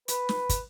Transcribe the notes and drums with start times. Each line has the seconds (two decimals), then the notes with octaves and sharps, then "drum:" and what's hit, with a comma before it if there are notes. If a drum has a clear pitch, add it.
0.08 B4, drum: hi-hat
0.29 drum: snare
0.49 drum: kick, hi-hat